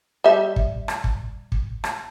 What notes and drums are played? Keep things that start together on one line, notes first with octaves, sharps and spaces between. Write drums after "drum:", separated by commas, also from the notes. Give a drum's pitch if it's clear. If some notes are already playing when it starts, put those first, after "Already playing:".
G3 E5
drum: kick
drum: rim click
drum: kick
drum: kick
drum: rim click